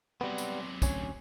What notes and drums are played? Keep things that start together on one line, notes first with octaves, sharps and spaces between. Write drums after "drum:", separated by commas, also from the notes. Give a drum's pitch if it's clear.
C3 F#3 G3 B3
drum: tambourine
D2 C#4, drum: kick, tambourine